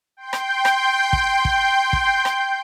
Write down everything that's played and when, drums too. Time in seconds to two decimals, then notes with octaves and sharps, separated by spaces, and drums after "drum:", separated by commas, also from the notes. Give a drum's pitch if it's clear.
0.17 G5 C6 G6
0.33 drum: rim click
0.65 drum: rim click
1.13 drum: kick
1.45 drum: kick
1.93 drum: kick
2.25 drum: rim click